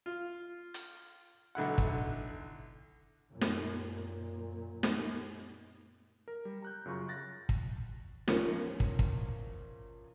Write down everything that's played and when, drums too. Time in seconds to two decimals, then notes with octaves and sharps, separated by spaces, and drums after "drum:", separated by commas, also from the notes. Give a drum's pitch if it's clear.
0.06 F4
0.74 drum: hi-hat
1.55 B1 D3 E4 F#5
1.78 drum: kick
3.30 F#2 A#2
3.41 drum: snare
4.83 drum: snare
6.28 A#4
6.45 G3
6.62 A#5 F#6 G6
6.86 F#2 C#3 F4 C#6
7.08 F#6 A6 A#6
7.49 drum: kick
8.28 E2 A#2 F3 C#4 A#4 C#7, drum: snare
8.80 drum: kick
8.99 drum: kick